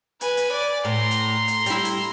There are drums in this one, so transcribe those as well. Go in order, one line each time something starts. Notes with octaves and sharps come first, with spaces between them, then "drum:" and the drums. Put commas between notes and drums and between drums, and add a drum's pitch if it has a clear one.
B4 G#5, drum: hi-hat
drum: hi-hat
D5
A2 A#5 C6
drum: hi-hat
drum: hi-hat
G3 E4, drum: hi-hat
drum: hi-hat